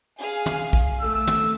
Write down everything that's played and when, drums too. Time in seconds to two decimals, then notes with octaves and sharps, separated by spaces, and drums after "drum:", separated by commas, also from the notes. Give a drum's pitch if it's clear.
0.19 G#4 F5
0.46 drum: tom
0.73 drum: kick
1.01 A3 E6
1.27 drum: tom